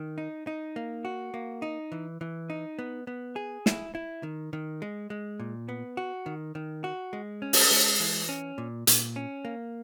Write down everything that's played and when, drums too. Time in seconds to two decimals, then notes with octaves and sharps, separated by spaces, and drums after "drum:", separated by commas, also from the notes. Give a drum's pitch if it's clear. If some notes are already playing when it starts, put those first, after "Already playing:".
Already playing: D#3
0.18 D#4
0.47 D#4
0.76 A#3
1.05 F#4
1.34 A#3
1.62 D#4
1.92 E3
2.21 E3
2.50 D#4
2.79 B3
3.07 B3
3.36 G#4
3.66 E4, drum: snare
3.95 E4
4.23 D#3
4.53 D#3
4.82 G#3
5.10 G#3
5.40 A#2
5.69 B3
5.97 F#4
6.26 D#3
6.55 D#3
6.84 F#4
7.13 G#3
7.42 C#4
7.53 drum: open hi-hat
7.71 G#3
8.00 E3
8.29 C#4
8.58 A#2
8.87 A#2, drum: hi-hat
9.16 C#4
9.45 A#3